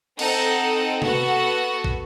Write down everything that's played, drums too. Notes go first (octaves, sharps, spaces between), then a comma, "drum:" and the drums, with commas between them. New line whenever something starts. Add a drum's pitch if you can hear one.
C4 D#4 A4 F#5, drum: cymbal
B3 F#4 A4 F#5, drum: tom C3
drum: kick